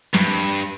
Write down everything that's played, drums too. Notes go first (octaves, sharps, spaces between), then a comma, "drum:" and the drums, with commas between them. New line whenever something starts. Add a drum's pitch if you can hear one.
G2, drum: snare